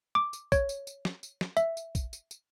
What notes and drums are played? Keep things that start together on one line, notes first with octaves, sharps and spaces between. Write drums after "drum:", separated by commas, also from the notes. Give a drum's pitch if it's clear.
D6
drum: tambourine
C#5, drum: kick, tambourine
drum: tambourine
drum: tambourine
drum: snare
drum: tambourine
drum: snare
E5, drum: tambourine
drum: tambourine
drum: kick, tambourine
drum: tambourine
drum: tambourine